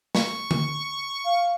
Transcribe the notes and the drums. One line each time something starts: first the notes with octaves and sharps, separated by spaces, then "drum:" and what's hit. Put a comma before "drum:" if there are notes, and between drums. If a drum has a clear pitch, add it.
C#6, drum: snare
drum: tom D3
F5